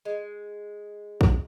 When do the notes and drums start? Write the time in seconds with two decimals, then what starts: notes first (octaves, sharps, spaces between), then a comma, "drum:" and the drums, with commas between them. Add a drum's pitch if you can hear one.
0.05 G#3
1.21 drum: kick